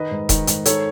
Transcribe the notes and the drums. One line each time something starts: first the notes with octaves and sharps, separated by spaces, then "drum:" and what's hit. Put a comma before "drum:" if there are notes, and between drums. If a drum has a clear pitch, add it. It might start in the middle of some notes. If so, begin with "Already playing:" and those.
Already playing: D#3 B4 D#5
G#2
D#3, drum: kick E1, hi-hat
G#2, drum: hi-hat
D#3 A4 C#5, drum: hi-hat